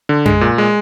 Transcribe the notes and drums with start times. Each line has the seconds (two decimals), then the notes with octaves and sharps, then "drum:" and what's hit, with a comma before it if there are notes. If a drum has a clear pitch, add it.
0.09 D3
0.26 G#3, drum: tom F#2
0.41 A#2
0.58 G#3